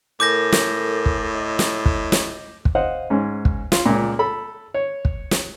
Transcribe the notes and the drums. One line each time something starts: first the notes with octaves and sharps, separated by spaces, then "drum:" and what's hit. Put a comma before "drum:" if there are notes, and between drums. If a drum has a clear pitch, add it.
A2 A4 A#4 G#5 D6 G6 A#6
drum: snare
drum: kick
D#5
drum: snare
drum: kick
drum: snare
drum: kick
C5 D#5 F5 F#5
G#2 C#4
drum: kick
F4, drum: snare
C#2 A#2
A4 B5
C#5
drum: kick
drum: snare